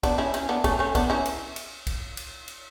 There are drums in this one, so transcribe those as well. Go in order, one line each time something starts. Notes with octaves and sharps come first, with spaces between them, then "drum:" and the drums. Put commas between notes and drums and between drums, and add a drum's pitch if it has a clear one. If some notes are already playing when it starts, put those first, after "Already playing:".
B3 D4, drum: kick, cymbal
C#4 E4
C#4 E4, drum: cymbal
B3 D4
A3 C#4, drum: kick, cymbal
A3 C#4
B3 D4, drum: kick, cymbal
C#4 E4
drum: cymbal
drum: cymbal
drum: kick, cymbal
drum: cymbal
drum: cymbal